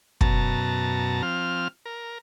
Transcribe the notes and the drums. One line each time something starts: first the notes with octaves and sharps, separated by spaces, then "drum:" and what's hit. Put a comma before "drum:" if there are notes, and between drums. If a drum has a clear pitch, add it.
F#2 B2 A5 A#5, drum: kick
F3 C4 F6
A#4